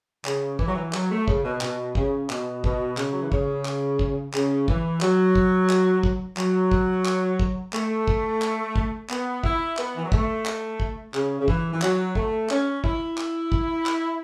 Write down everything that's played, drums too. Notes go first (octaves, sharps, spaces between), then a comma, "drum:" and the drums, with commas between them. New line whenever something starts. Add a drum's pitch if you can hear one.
C#3, drum: clap
E3, drum: kick
F#3
E3
F#3, drum: clap
A3
C#3, drum: kick
B2
B2, drum: clap
C#3, drum: kick
B2, drum: clap
B2, drum: kick
C#3, drum: clap
F#3
E3
C#3, drum: kick
drum: clap
drum: kick
C#3, drum: clap
E3, drum: kick
F#3, drum: clap
drum: kick
drum: clap
drum: kick
F#3, drum: clap
drum: kick
drum: clap
drum: kick
A3, drum: clap
drum: kick
drum: clap
drum: kick
B3, drum: clap
E4, drum: kick
B3, drum: clap
E3
F#3
A3, drum: kick
drum: clap
drum: kick
C#3, drum: clap
C#3
E3, drum: kick
E3
F#3, drum: clap
A3, drum: kick
C#4, drum: clap
E4, drum: kick
drum: clap
drum: kick
drum: clap